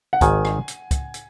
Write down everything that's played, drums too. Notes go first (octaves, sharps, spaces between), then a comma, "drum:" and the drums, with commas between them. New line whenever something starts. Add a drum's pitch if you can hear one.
F#5
G#1 G#2 D#3 G#5, drum: kick, hi-hat
drum: rim click
drum: hi-hat
drum: kick, hi-hat
drum: hi-hat